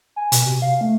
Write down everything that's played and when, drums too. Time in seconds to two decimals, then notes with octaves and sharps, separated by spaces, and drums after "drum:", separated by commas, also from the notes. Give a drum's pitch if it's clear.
0.16 G#5
0.32 B2, drum: hi-hat
0.45 C3
0.62 F5
0.81 A3